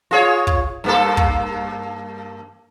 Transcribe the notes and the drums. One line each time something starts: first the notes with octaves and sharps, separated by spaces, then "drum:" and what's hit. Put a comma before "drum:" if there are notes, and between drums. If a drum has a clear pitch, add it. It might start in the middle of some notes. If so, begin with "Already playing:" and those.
F4 G#4 C#5
drum: kick
G2 A#3 A4
drum: kick